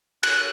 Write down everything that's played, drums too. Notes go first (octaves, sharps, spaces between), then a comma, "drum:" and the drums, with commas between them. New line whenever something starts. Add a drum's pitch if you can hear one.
F#6, drum: cymbal